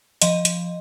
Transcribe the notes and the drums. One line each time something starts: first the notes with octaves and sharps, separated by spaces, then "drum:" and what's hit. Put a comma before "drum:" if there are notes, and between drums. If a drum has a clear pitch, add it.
F3 D#5, drum: hi-hat
drum: hi-hat